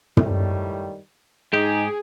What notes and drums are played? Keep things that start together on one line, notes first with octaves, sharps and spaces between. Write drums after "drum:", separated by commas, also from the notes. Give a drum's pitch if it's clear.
A2 D#3 G3, drum: tom
G#2 D#4 G4 G#4